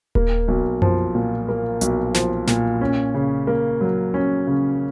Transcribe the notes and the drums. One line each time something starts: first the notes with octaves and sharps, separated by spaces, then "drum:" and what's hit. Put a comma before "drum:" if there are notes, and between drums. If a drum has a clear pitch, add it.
A#3, drum: kick D#1
B1
F3, drum: tom F#2
A#2
A#3
B1, drum: hi-hat
F3, drum: snare
A#2, drum: snare
C#4
C#3
A#3
F#3
C#4
C#3